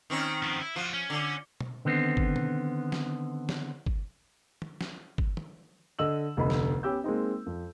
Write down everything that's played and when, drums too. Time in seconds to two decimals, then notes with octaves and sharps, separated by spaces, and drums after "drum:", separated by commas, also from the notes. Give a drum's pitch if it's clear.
0.10 D#3 C4 C#4
0.42 F3 B3
0.59 E4
0.76 F3 F4 F#4
0.94 C#4
1.10 D3
1.61 drum: tom B2
1.85 D3 D#3 B3 C4
2.17 drum: kick
2.36 drum: tom B2
2.92 drum: snare
3.49 drum: snare
3.86 drum: kick
4.62 drum: tom
4.81 drum: snare
5.18 drum: kick
5.37 drum: tom
5.99 D3 D#5 E6 F#7
6.37 F1 D2 D3 B3 D#5 B5
6.50 drum: snare
6.83 B3 C#4 G4 E6 G6
7.04 G#3 A#3 C4 D#4
7.46 F2